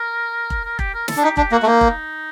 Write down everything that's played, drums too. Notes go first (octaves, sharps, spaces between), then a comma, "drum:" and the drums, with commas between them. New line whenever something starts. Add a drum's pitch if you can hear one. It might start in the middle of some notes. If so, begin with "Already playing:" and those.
Already playing: A#4
drum: kick F1
A#4
G4, drum: kick F1
A#4
A4, drum: snare
D4
D#4 G4
D4 G4, drum: kick F1
A#3 F#4
A3
A#3 D#4
D#4, drum: kick F1